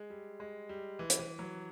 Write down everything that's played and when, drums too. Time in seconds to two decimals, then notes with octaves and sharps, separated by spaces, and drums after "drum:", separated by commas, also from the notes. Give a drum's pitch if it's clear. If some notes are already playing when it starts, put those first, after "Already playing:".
Already playing: G#3
0.10 G3
0.40 G#3
0.69 G3
0.99 E3
1.10 drum: hi-hat
1.19 E3
1.39 F#3